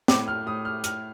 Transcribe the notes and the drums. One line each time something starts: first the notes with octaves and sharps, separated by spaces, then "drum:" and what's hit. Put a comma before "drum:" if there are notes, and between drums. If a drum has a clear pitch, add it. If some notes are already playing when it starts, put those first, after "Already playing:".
A2 D6, drum: snare
F6
A2 D#6
F6
A2 F6, drum: hi-hat